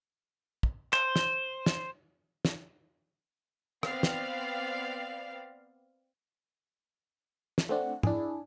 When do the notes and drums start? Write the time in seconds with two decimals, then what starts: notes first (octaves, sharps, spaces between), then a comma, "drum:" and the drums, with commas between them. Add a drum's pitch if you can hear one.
0.63 drum: kick
0.93 C5, drum: clap
1.16 drum: snare
1.66 drum: snare
2.45 drum: snare
3.83 B3 C4 D5 F5, drum: rim click
4.03 drum: snare
7.58 drum: snare
7.69 A3 C4 D4 F#5
8.03 D4 E4 G#4, drum: tom